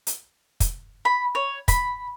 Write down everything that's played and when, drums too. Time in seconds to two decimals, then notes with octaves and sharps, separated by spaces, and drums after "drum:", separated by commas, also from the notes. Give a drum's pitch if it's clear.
0.07 drum: hi-hat
0.60 drum: kick, hi-hat
1.05 B5
1.35 C#5
1.68 B5, drum: kick, hi-hat